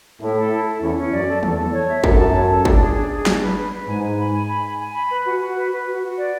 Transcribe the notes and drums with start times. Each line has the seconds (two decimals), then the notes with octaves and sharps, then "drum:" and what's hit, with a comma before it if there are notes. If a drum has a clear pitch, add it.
0.20 A2 E4
0.36 A4
0.51 E4
0.66 A4
0.81 E2 C#4
0.97 C#4
1.12 F#2 D5
1.27 A4
1.43 E2 A4, drum: tom E3
1.58 A4
1.73 C#5
1.89 E5
2.04 F#2 A4, drum: kick
2.19 A5
2.35 C#5
2.50 A4
2.65 D4, drum: kick
2.81 G#4
2.95 D4
3.11 G#4
3.26 D4, drum: snare
3.42 B4
3.57 B4
3.73 B4
3.88 G#2 G#5
4.03 G#5
4.18 B5
4.34 G#5
4.49 B5
4.64 G#5
4.80 G#5
4.95 B5
5.10 B4
5.26 F#4
5.41 F#4
5.56 B4
5.72 B4
5.87 F#4
6.02 F#4
6.18 D5